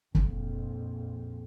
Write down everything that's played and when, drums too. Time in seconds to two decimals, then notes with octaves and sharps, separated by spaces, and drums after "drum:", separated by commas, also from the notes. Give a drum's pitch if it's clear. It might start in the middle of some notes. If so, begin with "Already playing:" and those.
0.15 A#1 F2, drum: kick